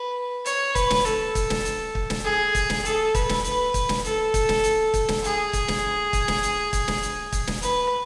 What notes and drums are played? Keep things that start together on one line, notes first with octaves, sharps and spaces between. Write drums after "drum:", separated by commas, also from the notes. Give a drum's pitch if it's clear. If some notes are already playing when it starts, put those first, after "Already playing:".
Already playing: B4
C#5, drum: hi-hat
B4, drum: kick, hi-hat
drum: snare
A4, drum: hi-hat
drum: kick, hi-hat
drum: snare
drum: hi-hat
drum: kick
drum: snare
G#4
drum: kick, hi-hat
drum: snare
A4, drum: hi-hat
B4, drum: kick, hi-hat
drum: snare
B4, drum: hi-hat
drum: kick, hi-hat
drum: snare
A4, drum: hi-hat
drum: kick, hi-hat
drum: snare
drum: hi-hat
drum: kick, hi-hat
drum: snare
G#4, drum: hi-hat
drum: kick, hi-hat
drum: snare
drum: kick, hi-hat
drum: snare
drum: hi-hat
drum: kick, hi-hat
drum: snare
drum: hi-hat
drum: kick, hi-hat
drum: snare
B4, drum: hi-hat